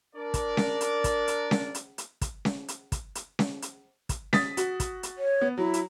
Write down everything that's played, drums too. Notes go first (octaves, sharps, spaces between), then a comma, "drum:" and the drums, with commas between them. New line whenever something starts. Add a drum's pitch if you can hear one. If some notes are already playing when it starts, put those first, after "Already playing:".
D4 A#4 D5
drum: kick, hi-hat
drum: snare C#4
drum: hi-hat
drum: kick, hi-hat
drum: hi-hat
drum: snare C#4
drum: hi-hat
drum: hi-hat
drum: kick, hi-hat
drum: snare C#4
drum: hi-hat
drum: kick, hi-hat
drum: hi-hat
drum: snare C#4
drum: hi-hat
drum: kick, hi-hat
D#6 A6 B6, drum: snare C#4
F#4, drum: hi-hat
drum: kick, hi-hat
drum: hi-hat
C#5
B3
F#3 E4
drum: hi-hat